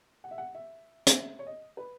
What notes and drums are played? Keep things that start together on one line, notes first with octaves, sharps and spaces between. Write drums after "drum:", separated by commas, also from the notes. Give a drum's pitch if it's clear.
F#5
E5
F#5
E5
drum: hi-hat
E5
C#5
D#5
B4